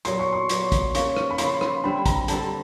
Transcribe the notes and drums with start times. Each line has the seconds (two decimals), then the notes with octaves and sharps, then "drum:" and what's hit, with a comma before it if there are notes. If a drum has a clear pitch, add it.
0.05 A#2 F#3 B3 C6, drum: hi-hat
0.19 C#6
0.33 C6
0.49 A#2 F#3 B3, drum: hi-hat
0.72 drum: kick A#1, hi-hat
0.95 C#3 F3 A#3 C#6, drum: hi-hat
1.16 drum: rim click
1.31 B5
1.38 C#3 F3 A#3 C6, drum: hi-hat
1.61 drum: rim click
1.84 D3 G3 C4 B5
2.06 A#5, drum: kick A#1, hi-hat
2.28 D3 G3 C4 A5, drum: hi-hat